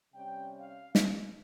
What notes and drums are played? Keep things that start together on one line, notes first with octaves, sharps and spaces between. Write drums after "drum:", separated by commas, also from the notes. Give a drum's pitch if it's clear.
C3 G3 C#4 G5
F5
drum: snare